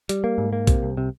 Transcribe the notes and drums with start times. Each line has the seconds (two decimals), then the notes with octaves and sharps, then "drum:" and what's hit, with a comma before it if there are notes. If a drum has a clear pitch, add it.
0.09 G3, drum: hi-hat
0.24 A#3
0.38 G#2
0.53 A#3
0.67 C3, drum: kick A#1, hi-hat
0.83 C2
0.97 C3